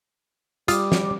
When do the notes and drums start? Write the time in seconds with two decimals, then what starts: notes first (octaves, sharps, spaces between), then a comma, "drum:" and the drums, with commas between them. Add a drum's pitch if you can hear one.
0.68 G3 F4 D6 D#6, drum: hi-hat
0.92 drum: snare